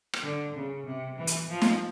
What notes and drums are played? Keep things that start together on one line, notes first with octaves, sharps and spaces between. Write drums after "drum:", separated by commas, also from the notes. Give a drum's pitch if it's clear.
drum: rim click
D3
C#3
C3
E3
drum: hi-hat
F3
drum: snare